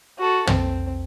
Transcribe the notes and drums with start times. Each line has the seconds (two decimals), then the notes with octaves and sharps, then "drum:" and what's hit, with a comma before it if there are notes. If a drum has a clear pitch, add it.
0.19 F#4 A4
0.47 C4, drum: tom